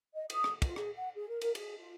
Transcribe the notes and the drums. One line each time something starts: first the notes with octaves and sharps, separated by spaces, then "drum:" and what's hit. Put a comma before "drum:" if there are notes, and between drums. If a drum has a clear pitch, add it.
D#5
D#6, drum: cymbal
drum: rim click
F4, drum: kick, cymbal
G#4, drum: rim click
F#5
G#4
A#4
A#4, drum: cymbal
G#4, drum: cymbal
F4